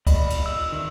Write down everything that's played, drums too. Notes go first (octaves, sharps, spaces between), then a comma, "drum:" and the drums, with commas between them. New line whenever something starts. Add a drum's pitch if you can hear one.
D5 D#5 B5, drum: kick, cymbal
drum: cymbal
E6
D#3 E5